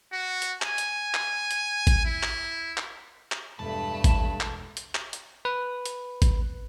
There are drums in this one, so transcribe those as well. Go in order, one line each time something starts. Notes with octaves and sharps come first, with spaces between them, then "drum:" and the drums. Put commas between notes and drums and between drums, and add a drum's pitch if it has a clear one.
F#4
drum: hi-hat
G#5, drum: clap
drum: hi-hat
drum: clap
drum: hi-hat
drum: kick G#1, hi-hat
E4
drum: clap
drum: clap
drum: clap
E1 G2 A3 A5 B5
drum: kick G#1, hi-hat
drum: clap
drum: hi-hat
drum: clap
drum: hi-hat
B4
drum: hi-hat
drum: kick G#1, hi-hat